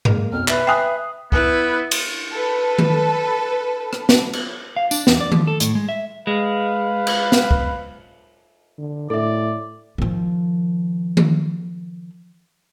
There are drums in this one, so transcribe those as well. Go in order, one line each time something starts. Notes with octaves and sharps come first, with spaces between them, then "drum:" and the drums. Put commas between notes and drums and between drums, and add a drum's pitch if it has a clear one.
G#3 A#3 A#4, drum: tom G2
B1 F2 F6
B4 E5, drum: clap
G5 G#5 D#6 F#6 C7
B3 E4 B4, drum: kick
drum: cymbal
A4 B4
drum: tom D#3
drum: rim click
drum: snare
drum: cymbal
F5
D4, drum: tambourine
E2, drum: snare
D5
F3, drum: tom D#3
A4
A2, drum: hi-hat
G#3
E5
G#3 B4 F5
drum: cymbal
drum: snare
drum: kick
D3
A2 A4 D5 E5
D#3 F3
drum: tom D#3